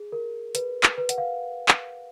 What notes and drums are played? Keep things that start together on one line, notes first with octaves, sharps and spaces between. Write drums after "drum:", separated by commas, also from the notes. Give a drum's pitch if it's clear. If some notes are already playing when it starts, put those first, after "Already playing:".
Already playing: G#4
A#4
B4, drum: hi-hat
drum: clap
B4
F#5, drum: hi-hat
F5
drum: clap